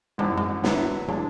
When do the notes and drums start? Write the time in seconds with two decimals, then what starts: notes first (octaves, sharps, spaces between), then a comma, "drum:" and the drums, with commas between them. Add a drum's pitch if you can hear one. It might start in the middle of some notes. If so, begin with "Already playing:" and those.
0.18 G#1 F#2 E3 G#3
0.28 F#3
0.37 G#3
0.64 D3 F#3 B3 E4, drum: snare
1.08 E3 F#3 G#3 D4